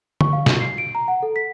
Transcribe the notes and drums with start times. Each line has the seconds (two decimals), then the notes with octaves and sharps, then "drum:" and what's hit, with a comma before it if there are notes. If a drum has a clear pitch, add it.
0.21 C#6, drum: tom D3
0.33 F5
0.46 F#4, drum: snare
0.60 C7
0.78 D7
0.95 A#5
1.08 F#5
1.23 A4
1.36 B6